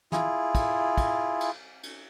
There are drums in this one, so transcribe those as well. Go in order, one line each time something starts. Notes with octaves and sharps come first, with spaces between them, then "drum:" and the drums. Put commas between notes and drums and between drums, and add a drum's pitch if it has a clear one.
E4 F4 G#4, drum: snare
drum: kick, cymbal
drum: kick, cymbal
drum: cymbal
drum: cymbal